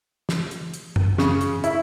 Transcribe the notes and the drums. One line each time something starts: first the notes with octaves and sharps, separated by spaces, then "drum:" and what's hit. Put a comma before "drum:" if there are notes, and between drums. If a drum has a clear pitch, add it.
drum: snare
drum: hi-hat
drum: hi-hat
drum: tom F#2
C#3, drum: snare
drum: hi-hat
E4, drum: hi-hat